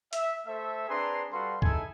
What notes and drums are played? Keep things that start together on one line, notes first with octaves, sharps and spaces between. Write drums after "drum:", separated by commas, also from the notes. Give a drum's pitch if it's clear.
E5, drum: hi-hat
A3 A4 C5 E5
C4 D4 G#4 B4 A#5 C6
G3 F#4 A4 B4 F5 C6
D#4 E4 G#4 A4 E5 G#5, drum: kick C#2